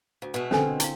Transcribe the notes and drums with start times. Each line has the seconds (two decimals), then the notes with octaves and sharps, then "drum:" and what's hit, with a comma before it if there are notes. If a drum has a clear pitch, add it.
0.22 D2
0.34 B2 G#3 A3
0.51 D3 C4 C#4 A4 G#5, drum: snare
0.62 B4
0.80 E4 F5, drum: hi-hat